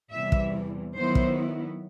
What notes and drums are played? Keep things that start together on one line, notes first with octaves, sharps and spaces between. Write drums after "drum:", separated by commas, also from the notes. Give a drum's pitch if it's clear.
E2 C3 E3 G3 E5
drum: kick
D#3 F#3 B3 E4 C5
drum: kick